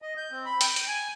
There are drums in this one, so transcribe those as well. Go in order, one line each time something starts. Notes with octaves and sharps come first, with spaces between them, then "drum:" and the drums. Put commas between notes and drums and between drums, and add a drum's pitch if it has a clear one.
D#5
G6
C4
B5
G5, drum: hi-hat
drum: hi-hat
G#5